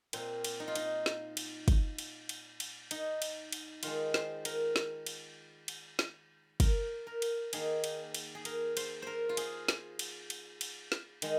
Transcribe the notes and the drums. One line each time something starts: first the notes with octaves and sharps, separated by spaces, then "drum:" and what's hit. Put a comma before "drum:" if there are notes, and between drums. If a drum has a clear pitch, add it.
A#2 A#3 C4, drum: cymbal
drum: cymbal
D#4
F4
D#4, drum: cymbal
drum: snare
drum: cymbal
drum: kick, cymbal
drum: cymbal
drum: cymbal
drum: cymbal
D#4, drum: cymbal
drum: cymbal
drum: cymbal
D#3 G#3 F4, drum: cymbal
C5, drum: snare
A#4, drum: cymbal
drum: snare
drum: cymbal
drum: cymbal
drum: snare
A#4, drum: kick, cymbal
A#4
drum: cymbal
D#3 A#3 G#4, drum: cymbal
drum: cymbal
drum: cymbal
G#4
A#4, drum: cymbal
C5, drum: cymbal
A#4 C5
F4
G#4, drum: cymbal
drum: snare
drum: cymbal
drum: cymbal
drum: cymbal
drum: snare
D#3 G#3, drum: cymbal